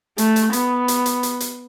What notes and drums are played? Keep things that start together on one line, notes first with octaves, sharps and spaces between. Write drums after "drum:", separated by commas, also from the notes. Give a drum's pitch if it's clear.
A3, drum: hi-hat
drum: hi-hat
B3, drum: hi-hat
drum: hi-hat
drum: hi-hat
drum: hi-hat
drum: hi-hat